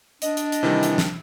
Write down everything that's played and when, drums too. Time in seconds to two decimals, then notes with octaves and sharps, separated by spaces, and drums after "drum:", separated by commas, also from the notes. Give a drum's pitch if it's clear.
0.22 D4 D#5, drum: hi-hat
0.37 drum: hi-hat
0.52 drum: hi-hat
0.63 C3 D#3 E3 G3
0.83 drum: hi-hat
0.98 drum: snare